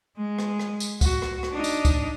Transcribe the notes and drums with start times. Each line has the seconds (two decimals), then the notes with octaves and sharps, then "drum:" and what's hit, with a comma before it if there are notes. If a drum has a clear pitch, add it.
0.17 G#3
0.39 drum: rim click
0.59 drum: rim click
0.80 drum: tambourine
1.01 F#4, drum: kick C2, tambourine
1.22 drum: rim click
1.43 drum: rim click
1.52 D4 D#4
1.64 drum: tambourine
1.85 drum: kick C2, tambourine